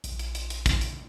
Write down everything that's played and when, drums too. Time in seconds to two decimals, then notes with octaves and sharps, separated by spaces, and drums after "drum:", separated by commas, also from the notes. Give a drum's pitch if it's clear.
0.04 A#1, drum: hi-hat
0.19 drum: hi-hat
0.35 drum: hi-hat
0.50 drum: hi-hat
0.66 drum: kick, hi-hat
0.81 drum: hi-hat